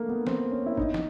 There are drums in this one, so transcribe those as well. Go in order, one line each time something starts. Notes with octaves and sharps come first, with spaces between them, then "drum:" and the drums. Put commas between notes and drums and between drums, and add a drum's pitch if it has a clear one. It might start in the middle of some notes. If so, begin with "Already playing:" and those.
Already playing: A3 A#3
B3
C4, drum: snare
C#4
E4
D#4, drum: kick G#1
drum: snare